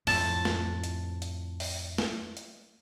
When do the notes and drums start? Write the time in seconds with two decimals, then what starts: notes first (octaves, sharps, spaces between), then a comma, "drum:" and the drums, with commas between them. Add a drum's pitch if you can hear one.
0.07 F2 A2 A5, drum: open hi-hat
0.45 drum: snare
0.84 drum: hi-hat
1.22 drum: hi-hat
1.60 drum: open hi-hat
1.98 drum: snare
2.37 drum: hi-hat